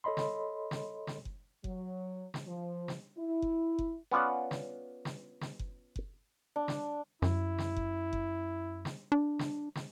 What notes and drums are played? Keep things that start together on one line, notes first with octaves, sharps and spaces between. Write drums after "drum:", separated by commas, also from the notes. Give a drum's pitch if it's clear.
A4 C#5 D#5 B5 C6
drum: snare
drum: snare
drum: snare
drum: kick F#1
F#3, drum: kick F#1
drum: snare
F3
drum: snare
E4
drum: kick F#1
drum: kick F#1
B3 C#4 F4 D5 F#5
drum: snare
drum: snare
drum: snare
drum: kick F#1
drum: kick F#1
D4
drum: snare
F#2 E4, drum: snare
drum: snare
drum: kick F#1
drum: kick F#1
drum: snare
D4
drum: snare
drum: snare